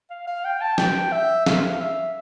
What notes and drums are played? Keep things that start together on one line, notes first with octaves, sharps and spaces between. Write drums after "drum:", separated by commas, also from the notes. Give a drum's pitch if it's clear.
F5
F5
G5
A5
G5, drum: snare
E5
F5, drum: snare
E5